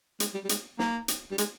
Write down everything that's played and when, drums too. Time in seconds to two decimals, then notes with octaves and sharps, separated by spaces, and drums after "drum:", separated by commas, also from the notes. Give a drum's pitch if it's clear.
0.20 G#3, drum: hi-hat
0.34 G3
0.44 G3
0.49 G#3, drum: hi-hat
0.79 A#3, drum: snare
1.08 drum: hi-hat
1.31 G3
1.38 G#3, drum: hi-hat